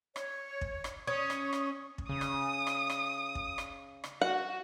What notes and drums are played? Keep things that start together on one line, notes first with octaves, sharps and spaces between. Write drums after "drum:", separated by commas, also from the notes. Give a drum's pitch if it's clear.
C#5, drum: rim click
drum: kick
drum: rim click
C#4 C#6 D#6
drum: rim click
drum: rim click
drum: kick
C#3 D#6
drum: rim click
drum: rim click
drum: rim click
drum: kick
drum: rim click
drum: rim click
F#4 F#5